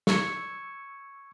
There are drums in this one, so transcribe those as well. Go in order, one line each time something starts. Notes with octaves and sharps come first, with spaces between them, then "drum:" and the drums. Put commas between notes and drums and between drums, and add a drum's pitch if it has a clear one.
C#6 E6 G#6 C#7, drum: snare